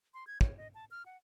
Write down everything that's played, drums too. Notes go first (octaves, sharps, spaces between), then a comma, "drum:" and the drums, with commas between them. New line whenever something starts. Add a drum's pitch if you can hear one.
C6
G#6
C#5, drum: kick
D#5
A5
F6
F#5